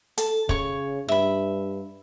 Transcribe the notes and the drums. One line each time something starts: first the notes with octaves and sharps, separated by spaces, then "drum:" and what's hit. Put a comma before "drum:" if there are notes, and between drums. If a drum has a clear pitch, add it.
A4 A5, drum: hi-hat
C#3 C#5 C#6, drum: kick
G2 E5 B5